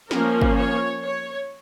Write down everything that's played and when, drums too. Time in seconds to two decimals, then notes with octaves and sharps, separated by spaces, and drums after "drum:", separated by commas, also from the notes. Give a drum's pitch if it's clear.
0.11 F3 A#3 C#4 A#4, drum: snare
0.42 drum: kick
0.57 C#5
1.02 C#5